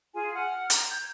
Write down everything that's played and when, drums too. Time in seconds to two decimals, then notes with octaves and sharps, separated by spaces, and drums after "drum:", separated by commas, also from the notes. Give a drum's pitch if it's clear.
0.15 F4 G#4 G#5
0.34 F#5 F6
0.70 A#5, drum: hi-hat
0.89 G6 G#6